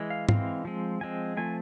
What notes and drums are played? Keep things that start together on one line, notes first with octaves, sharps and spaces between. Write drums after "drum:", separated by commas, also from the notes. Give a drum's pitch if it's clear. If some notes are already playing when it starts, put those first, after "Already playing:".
Already playing: E3 G#3
F5
E3 G#3 C4 F5, drum: tom G#2
F3 G#3 C4
F3 G#3 C4 G#5
F3 A3 C4 G#5